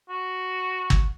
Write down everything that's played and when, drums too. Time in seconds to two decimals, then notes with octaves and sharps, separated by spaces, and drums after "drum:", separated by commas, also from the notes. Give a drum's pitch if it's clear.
0.09 F#4
0.90 drum: kick